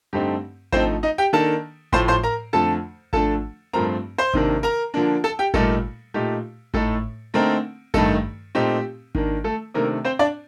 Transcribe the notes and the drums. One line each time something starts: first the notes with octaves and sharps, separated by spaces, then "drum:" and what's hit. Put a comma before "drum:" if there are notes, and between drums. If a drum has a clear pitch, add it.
G2 D3 A3 C4 D#4 G4
D3 F3 A3 C4 D#4 C5, drum: kick G#1
D#4 D#5
G4 G5
D#3 A#3 D4 A4 A5
A2 F3 A3 C5 C6, drum: kick G#1
C5 C6
A#4 A#5
F2 D3 F3 A3 A4 A5
D3 F3 A3 D4 A4 A5, drum: kick G#1
G2 F3 A3 C4 A#4 A#5
C5 C6
C3 D#3 A#3 D4, drum: kick G#1
A#4 A#5
D3 F3 A#3 D4
A4 A5
G4 G5
A#2 G3 A3 A#3 D#4 A4, drum: kick G#1
A#2 A3 D#4 G4
A2 A3 D#4 A4, drum: kick G#1
D3 A3 A#3 C4 D#4 A#4
G2 D#3 A3 D#4 A4, drum: kick G#1
A#2 A3 C4 D#4 G4
D#3 A#3 D4, drum: kick G#1
A3 A4
C3 D#3 A3 A#3 D4 A#4
C4 C5
D4 D5